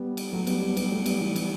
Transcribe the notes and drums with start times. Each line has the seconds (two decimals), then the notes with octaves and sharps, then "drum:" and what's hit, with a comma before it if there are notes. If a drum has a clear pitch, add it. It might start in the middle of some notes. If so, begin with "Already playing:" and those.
Already playing: G3 B3
0.17 drum: cymbal
0.32 F#3 A3
0.47 G3 B3, drum: cymbal
0.61 G3 B3
0.77 G3 B3, drum: cymbal
0.91 F#3 A3
1.06 G3 B3, drum: cymbal
1.21 E3 G3
1.36 G3 B3, drum: cymbal